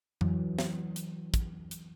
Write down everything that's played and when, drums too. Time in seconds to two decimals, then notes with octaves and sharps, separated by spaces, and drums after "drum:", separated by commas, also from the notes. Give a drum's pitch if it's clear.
0.21 E3 F#3, drum: tom F2
0.59 drum: snare
0.96 drum: hi-hat
1.34 drum: kick, hi-hat
1.71 drum: hi-hat